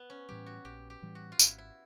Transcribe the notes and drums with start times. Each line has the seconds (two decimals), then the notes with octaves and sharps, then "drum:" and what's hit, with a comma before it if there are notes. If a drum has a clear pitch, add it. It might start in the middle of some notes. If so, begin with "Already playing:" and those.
Already playing: B3
0.10 C#4
0.29 A2 E3 G3 G4
0.46 F#4
0.65 A#1 G4
0.90 G4
1.02 A2 E3 G3
1.15 F#4
1.32 F4
1.39 G#1 E4, drum: tambourine
1.58 E4